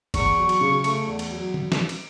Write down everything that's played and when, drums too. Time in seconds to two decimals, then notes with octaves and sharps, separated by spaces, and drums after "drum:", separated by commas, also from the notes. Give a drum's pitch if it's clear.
0.14 E2 C#6, drum: kick, cymbal
0.38 F#3
0.49 drum: cymbal
0.61 C#3
0.84 A3, drum: cymbal
1.07 E2
1.19 drum: cymbal
1.31 F#3
1.54 drum: tom D3
1.72 drum: snare
1.89 drum: cymbal